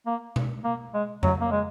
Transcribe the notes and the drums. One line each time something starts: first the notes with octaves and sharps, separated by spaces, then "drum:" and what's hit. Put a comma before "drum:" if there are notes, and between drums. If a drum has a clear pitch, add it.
A#3
drum: tom B2
A#3
G#3
F#3, drum: tom F2
A#3
G#3